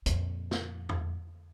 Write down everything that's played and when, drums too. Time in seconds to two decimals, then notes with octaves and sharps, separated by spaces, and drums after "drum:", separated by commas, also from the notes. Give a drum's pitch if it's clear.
0.06 F2 A#2, drum: hi-hat
0.51 drum: snare
0.89 drum: tom E2